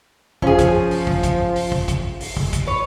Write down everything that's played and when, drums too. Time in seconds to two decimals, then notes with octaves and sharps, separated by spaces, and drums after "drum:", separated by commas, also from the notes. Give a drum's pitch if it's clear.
0.42 F3 C#4 G#4, drum: kick
0.59 drum: kick, hi-hat
0.91 drum: open hi-hat
1.07 drum: kick
1.23 drum: kick, hi-hat
1.56 drum: open hi-hat
1.72 drum: kick
1.88 drum: kick, hi-hat
2.20 drum: open hi-hat
2.37 drum: kick
2.53 drum: kick, hi-hat
2.67 B4 C#5